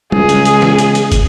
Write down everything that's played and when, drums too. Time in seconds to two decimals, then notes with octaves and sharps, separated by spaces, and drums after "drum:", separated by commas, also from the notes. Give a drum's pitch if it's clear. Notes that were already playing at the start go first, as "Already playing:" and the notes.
0.12 C#2 G#4, drum: tom G3
0.29 drum: hi-hat
0.45 drum: hi-hat
0.62 drum: snare
0.78 drum: hi-hat
0.95 drum: hi-hat
1.12 drum: kick, hi-hat